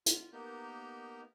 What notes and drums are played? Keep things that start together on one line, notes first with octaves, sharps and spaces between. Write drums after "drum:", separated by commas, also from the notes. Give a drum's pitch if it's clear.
F4, drum: hi-hat
A#3 B3 D#4 G4 A#4 G6